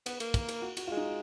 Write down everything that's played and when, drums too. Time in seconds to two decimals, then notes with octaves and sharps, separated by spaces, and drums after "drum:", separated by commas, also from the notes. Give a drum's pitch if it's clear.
0.06 B3 B4, drum: cymbal
0.20 A#3, drum: cymbal
0.34 A#4, drum: kick, cymbal
0.48 A#4, drum: cymbal
0.62 F#4
0.77 F#4, drum: cymbal
0.87 G#3 F4
0.97 D#4